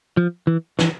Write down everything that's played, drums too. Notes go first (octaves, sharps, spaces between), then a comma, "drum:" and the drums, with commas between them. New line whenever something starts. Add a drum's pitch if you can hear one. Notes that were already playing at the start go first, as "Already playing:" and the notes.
F3
E3
E3, drum: snare